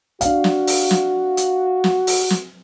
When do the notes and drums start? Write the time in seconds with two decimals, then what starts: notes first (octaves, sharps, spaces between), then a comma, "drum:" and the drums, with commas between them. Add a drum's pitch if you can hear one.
0.21 D4 F#4 F5, drum: hi-hat
0.44 drum: snare
0.67 drum: open hi-hat
0.91 drum: snare
1.37 drum: hi-hat
1.84 drum: snare
2.07 drum: open hi-hat
2.30 drum: snare